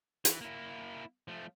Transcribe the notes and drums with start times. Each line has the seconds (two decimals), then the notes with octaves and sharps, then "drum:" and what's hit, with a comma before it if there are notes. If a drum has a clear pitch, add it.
0.25 E3, drum: hi-hat
0.41 A#3 E4
1.28 F3 A3